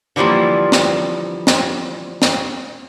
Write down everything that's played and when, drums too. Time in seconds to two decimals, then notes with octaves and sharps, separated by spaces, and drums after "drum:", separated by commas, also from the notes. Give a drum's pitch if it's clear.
0.16 D3 E3 F3 G3 A#3
0.72 drum: snare
1.47 drum: snare
2.22 drum: snare